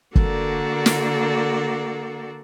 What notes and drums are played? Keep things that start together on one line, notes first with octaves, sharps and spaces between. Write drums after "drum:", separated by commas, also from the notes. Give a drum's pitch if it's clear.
D3 A#3 F#4 A4 A#4 D5, drum: kick
drum: snare